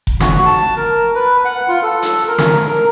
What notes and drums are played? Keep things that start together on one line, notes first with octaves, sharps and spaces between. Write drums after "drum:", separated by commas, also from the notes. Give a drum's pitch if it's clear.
drum: kick F1
F#4, drum: snare
A5
A#4
B4
F#5
F4
A4
drum: hi-hat
A#4
drum: snare
A#4